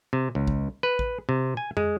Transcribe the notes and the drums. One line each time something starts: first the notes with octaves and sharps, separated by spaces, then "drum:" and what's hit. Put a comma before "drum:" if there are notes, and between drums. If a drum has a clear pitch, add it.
C3
C#2
drum: kick
B4
drum: kick
C3
G#5
G#3, drum: tom